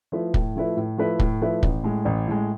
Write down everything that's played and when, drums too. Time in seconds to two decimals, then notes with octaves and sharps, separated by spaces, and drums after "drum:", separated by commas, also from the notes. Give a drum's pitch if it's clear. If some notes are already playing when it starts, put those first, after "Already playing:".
0.12 F3 A3 E4 B4
0.34 A2, drum: kick
0.56 F3 A3 E4 B4
0.77 A2
0.97 F3 A3 E4 B4
1.19 A2, drum: kick
1.41 F3 A3 E4 B4
1.63 A1, drum: kick
1.84 A2 G#3
2.05 A1
2.27 A2 G#3